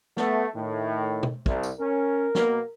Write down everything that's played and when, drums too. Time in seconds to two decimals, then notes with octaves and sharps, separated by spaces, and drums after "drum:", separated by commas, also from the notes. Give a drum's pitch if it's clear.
0.17 A3 B3, drum: snare
0.55 A2 D#3
1.23 drum: tom B2
1.46 C2, drum: kick
1.63 drum: tambourine
1.80 C#4 A#4
2.35 B2 A#3, drum: snare